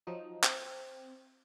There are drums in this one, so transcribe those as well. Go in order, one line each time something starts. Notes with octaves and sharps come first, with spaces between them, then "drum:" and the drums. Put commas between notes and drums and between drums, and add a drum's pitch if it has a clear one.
F3 F#3 D#4
C4, drum: clap